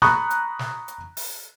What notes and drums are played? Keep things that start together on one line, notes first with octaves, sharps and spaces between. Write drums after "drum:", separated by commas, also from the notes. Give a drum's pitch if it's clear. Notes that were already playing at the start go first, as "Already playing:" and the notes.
A#5 B5 C#6 D#6 F#6, drum: snare
drum: hi-hat
drum: snare
drum: hi-hat
drum: open hi-hat